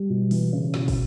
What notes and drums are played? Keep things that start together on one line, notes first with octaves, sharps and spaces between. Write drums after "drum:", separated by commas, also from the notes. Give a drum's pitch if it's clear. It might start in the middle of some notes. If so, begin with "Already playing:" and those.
Already playing: G3
B2
E3, drum: open hi-hat
C#3
B2, drum: snare
drum: kick, open hi-hat